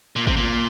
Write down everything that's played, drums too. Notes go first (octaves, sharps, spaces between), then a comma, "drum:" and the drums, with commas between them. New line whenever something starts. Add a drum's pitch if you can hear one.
A#2
C3, drum: kick G#1
A#2